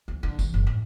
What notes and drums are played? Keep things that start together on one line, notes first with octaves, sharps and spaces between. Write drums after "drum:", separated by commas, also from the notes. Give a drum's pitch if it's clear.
D2
D3
E2, drum: kick, tambourine
F#1
A2